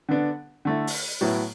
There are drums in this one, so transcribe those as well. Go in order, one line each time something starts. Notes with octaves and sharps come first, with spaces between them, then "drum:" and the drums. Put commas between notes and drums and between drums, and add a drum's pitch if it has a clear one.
D3 B3 D4
D3 A3 E4
drum: open hi-hat
A2 F#3 B3 E4